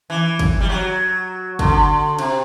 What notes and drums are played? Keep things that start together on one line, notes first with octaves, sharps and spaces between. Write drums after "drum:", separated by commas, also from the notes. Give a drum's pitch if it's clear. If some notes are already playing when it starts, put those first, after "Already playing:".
E3
drum: kick, cymbal
G3
F#3
D3, drum: kick, cymbal
C3, drum: cymbal